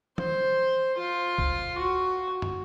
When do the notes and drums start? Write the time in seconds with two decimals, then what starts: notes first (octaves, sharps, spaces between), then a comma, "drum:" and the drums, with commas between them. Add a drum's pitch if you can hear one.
0.18 C5, drum: tom E3
0.98 F4
1.38 drum: kick
1.78 F#4
2.42 drum: tom